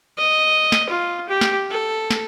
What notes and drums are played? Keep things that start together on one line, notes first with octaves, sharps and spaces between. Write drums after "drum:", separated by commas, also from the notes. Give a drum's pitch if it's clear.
D#5
drum: snare
F4
G4
drum: snare
A4
drum: snare